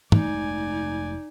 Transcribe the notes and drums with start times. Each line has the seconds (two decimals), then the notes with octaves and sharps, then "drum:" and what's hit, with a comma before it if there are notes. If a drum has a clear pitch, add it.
0.12 F1 G#3 A3 D#4 D5 G#5, drum: tom